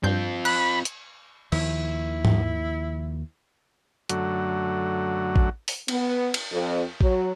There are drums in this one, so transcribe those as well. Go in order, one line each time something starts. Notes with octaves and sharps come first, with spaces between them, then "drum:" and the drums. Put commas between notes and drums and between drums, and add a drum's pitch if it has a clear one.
G2 C4 F4 G6
B5 F#6, drum: cymbal
drum: hi-hat
D#2 D#3 F3 E4, drum: cymbal
drum: tom G#2
F#2 D3 F#3 A3 F#4, drum: hi-hat
drum: kick A1
drum: open hi-hat
B3, drum: cymbal
drum: cymbal
F2
F#3, drum: kick A1